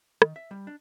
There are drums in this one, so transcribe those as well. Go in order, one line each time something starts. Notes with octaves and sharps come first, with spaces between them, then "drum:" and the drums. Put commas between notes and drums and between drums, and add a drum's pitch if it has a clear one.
D#3, drum: rim click
E5
G3
D4